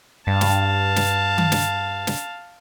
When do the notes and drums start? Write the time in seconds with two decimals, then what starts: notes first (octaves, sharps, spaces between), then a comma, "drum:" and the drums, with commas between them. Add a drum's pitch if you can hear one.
0.27 G2 F5 A5
0.41 drum: snare
0.96 drum: snare
1.38 drum: tom D#3
1.52 drum: snare
2.07 drum: snare